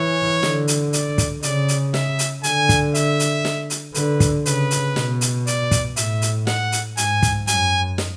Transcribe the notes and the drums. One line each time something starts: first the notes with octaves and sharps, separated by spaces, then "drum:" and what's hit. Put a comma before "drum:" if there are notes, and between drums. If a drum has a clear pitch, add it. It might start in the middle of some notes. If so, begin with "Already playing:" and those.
Already playing: E3 C#5
D3, drum: snare
drum: hi-hat
D5, drum: hi-hat
drum: kick, hi-hat
C#3 D5, drum: hi-hat
drum: hi-hat
E5, drum: snare
drum: hi-hat
D3 G#5, drum: hi-hat
drum: kick, hi-hat
E5, drum: hi-hat
drum: hi-hat
drum: snare
drum: hi-hat
D3 B4, drum: hi-hat
drum: kick, hi-hat
C#3 B4, drum: hi-hat
drum: hi-hat
B2, drum: snare
drum: hi-hat
D5, drum: hi-hat
drum: kick, hi-hat
A2 E5, drum: hi-hat
drum: hi-hat
F#5, drum: snare
drum: hi-hat
G#2 G#5, drum: hi-hat
drum: kick, hi-hat
F#2 G#5, drum: hi-hat
drum: snare